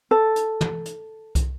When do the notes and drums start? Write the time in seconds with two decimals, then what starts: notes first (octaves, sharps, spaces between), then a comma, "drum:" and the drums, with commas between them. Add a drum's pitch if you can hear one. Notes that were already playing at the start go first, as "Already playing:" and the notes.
0.11 A4
0.36 drum: hi-hat
0.61 drum: tom
0.86 drum: hi-hat
1.35 drum: kick C2, hi-hat